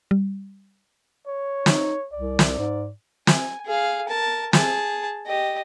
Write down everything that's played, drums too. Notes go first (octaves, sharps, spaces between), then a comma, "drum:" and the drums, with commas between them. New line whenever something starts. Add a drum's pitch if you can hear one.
G3
C#5
D#4, drum: snare
C2 D5
drum: snare
G#2
G#5, drum: snare
G#4 F5
A#4 A5
G#4 A5, drum: snare
G4 D#5